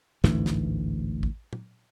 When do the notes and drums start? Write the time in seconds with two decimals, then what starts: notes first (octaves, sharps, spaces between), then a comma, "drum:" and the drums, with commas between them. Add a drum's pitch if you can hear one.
0.24 A1 D2 G#2 E3, drum: snare
0.46 drum: snare
1.23 drum: kick
1.53 drum: tom